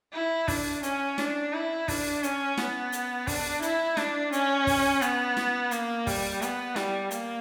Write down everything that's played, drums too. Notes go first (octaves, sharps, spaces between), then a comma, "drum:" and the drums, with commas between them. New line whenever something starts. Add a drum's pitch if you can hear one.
E4
D4, drum: kick, open hi-hat
C#4, drum: hi-hat
D4, drum: snare
E4
D4, drum: kick, open hi-hat
C#4, drum: hi-hat
B3, drum: snare
drum: hi-hat
D4, drum: kick, open hi-hat
E4, drum: hi-hat
D4, drum: snare
C#4, drum: hi-hat
drum: kick, open hi-hat
B3, drum: hi-hat
drum: snare
A#3, drum: hi-hat
G3, drum: kick, open hi-hat
B3, drum: hi-hat
G3, drum: snare
A#3, drum: hi-hat